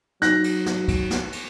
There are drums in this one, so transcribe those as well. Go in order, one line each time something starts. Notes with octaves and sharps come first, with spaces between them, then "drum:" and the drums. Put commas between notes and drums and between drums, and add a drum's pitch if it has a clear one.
F#3 D#4 F#6 A#6, drum: snare
drum: cymbal
drum: snare
drum: kick, cymbal
drum: snare
drum: cymbal